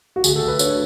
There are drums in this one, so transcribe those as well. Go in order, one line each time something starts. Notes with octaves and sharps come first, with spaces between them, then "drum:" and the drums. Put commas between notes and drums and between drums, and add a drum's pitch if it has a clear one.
F#4
D2 G#4, drum: tambourine
A4
D2
B4
D3 C#5, drum: tambourine